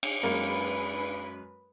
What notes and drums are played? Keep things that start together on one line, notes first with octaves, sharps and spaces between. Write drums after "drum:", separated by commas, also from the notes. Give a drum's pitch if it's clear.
drum: cymbal
F#2 G#3 A#3 B4